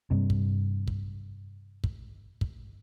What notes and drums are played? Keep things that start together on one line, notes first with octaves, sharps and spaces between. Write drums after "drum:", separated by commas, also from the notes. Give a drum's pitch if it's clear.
G2 C3
drum: kick
drum: kick
drum: kick
drum: kick